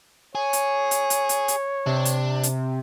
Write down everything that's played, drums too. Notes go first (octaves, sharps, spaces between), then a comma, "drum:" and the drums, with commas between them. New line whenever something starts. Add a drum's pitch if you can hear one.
G#4 C#5
drum: hi-hat
drum: hi-hat
drum: hi-hat
drum: hi-hat
drum: hi-hat
C3 D4
drum: hi-hat
drum: hi-hat